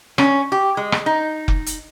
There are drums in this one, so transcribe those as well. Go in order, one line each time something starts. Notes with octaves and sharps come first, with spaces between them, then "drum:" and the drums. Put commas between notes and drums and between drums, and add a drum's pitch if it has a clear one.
C#4, drum: rim click
G4
G#3
drum: rim click
D#4
drum: kick F1
drum: hi-hat